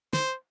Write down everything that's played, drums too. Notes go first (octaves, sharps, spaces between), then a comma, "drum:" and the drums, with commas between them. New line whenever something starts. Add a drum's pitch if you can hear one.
C5, drum: snare